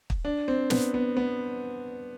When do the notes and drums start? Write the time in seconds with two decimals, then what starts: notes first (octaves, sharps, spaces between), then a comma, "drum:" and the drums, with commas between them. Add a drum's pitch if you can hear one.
0.10 drum: kick
0.25 D4
0.48 C4
0.70 B3, drum: snare
0.94 B3
1.17 B3